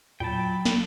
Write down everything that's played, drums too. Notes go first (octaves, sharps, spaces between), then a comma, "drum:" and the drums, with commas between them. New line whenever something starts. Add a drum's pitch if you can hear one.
E2 A#2 F#3 G5 A5 B5
drum: snare